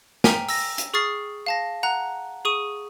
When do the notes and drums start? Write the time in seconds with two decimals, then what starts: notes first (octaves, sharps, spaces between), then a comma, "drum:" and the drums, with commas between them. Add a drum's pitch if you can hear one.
0.24 G5 G#5 A#5 F6 B6, drum: snare
0.49 E6 A#6, drum: open hi-hat
0.78 drum: hi-hat
0.94 G#4 C#6 D#6 F6 A6 C7
1.46 F5 A5 A#6
1.83 F#5 A#5 F#6
2.45 G#4 C#6 D#6 D#7